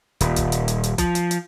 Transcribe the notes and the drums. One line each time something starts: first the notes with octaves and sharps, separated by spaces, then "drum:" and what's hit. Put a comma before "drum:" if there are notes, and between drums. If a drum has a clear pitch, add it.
D#1, drum: hi-hat
drum: kick B1, hi-hat
drum: hi-hat
drum: hi-hat
drum: hi-hat
F3, drum: kick B1, hi-hat
drum: hi-hat
drum: hi-hat